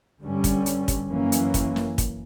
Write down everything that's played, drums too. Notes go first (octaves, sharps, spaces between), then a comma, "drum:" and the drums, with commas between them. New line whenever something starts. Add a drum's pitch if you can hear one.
G2 D3 G3 C#4
drum: kick, hi-hat
drum: hi-hat
drum: kick, hi-hat
F#2 E3 A#3 C#4
drum: hi-hat
drum: kick, hi-hat
drum: snare
drum: kick, hi-hat